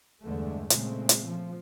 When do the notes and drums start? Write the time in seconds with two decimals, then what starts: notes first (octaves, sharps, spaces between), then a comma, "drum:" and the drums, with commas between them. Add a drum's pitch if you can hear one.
0.22 E2 G2 D3 G#3 A3
0.70 A#2 C#3 G#3 A3 C4, drum: hi-hat
1.09 drum: hi-hat
1.24 F3